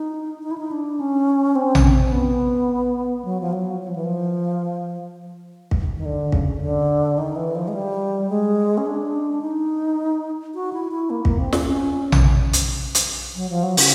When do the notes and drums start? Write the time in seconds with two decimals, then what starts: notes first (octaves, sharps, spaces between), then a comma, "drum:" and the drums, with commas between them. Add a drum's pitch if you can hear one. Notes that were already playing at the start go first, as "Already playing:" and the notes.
Already playing: D#4
0.43 D#4
0.51 E4
0.58 D#4
0.71 D4
1.00 C#4
1.56 C4
1.75 C#4, drum: tom A#1
1.93 C4
2.12 B3
3.25 F#3
3.41 F3
3.52 F#3
3.81 F#3
3.88 F3
3.96 E3
4.04 F3
5.71 drum: kick
5.96 D#3
6.06 D3
6.32 C#3, drum: kick
6.61 D3
7.18 D#3
7.35 E3
7.55 F3
7.68 G#3
7.73 G3
8.30 G#3
8.78 C#4
8.86 D4
9.41 D#4
10.55 F#4
10.73 E4
10.91 E4
11.10 A#3
11.25 A#3, drum: kick
11.38 C4
11.53 C#4, drum: snare
11.67 C#4
12.12 drum: tom A#1
12.53 drum: hi-hat
12.95 drum: hi-hat
13.35 F#3
13.50 F3
13.63 F#3
13.77 C#3, drum: open hi-hat